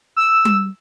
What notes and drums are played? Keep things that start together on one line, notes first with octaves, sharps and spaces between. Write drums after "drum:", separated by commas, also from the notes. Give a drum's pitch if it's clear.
E6
drum: tom G3